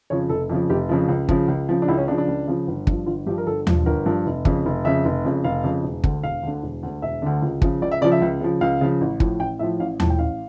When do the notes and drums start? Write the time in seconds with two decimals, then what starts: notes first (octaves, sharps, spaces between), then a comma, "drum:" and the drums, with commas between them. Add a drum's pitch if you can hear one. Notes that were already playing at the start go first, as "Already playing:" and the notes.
0.10 F2 C#3 F3 C#5
0.29 F1 A4
0.50 F2 C#3 F3
0.69 F1 G4
0.89 F2 C#3 F3
1.08 C#2
1.29 C#3 F3, drum: kick
1.48 C#2
1.69 C#3 F3
1.82 D4
1.88 C#2 E4
1.98 C#4
2.08 C#3 F3 D4
2.18 D4
2.28 C#2
2.48 C#3 F3
2.68 G1
2.87 G2 F3, drum: kick
3.06 G1 F4
3.27 G2 F3 G4
3.38 A#4
3.46 G1 A4
3.67 G2 F3, drum: tom D#2
3.86 G1 A#4
4.06 G2 F3
4.26 F1
4.45 F2 C#3, drum: kick
4.66 F1
4.85 F2 C#3 E5
5.05 F1
5.25 F2 C#3
5.44 F1 F5
5.64 F2 C#3
5.84 E1
6.04 D2 D3, drum: kick
6.23 E1 F5
6.43 D2 D3
6.63 E1
6.83 D2 D3
7.02 E1 E5
7.22 D2 D3
7.42 C#2
7.62 C#3 F3, drum: kick
7.82 C#2 D5
7.91 E5
8.01 C#3 F3 D5
8.12 E5
8.21 C#2
8.41 C#3 F3
8.61 C#2 F5
8.81 C#3 F3
9.01 A1
9.20 A2 F3, drum: kick
9.40 A1 G5
9.59 A2 F3 E5
9.79 A1 F5
10.00 A2 F3 A5, drum: tom D#2
10.10 G5
10.19 A1 F5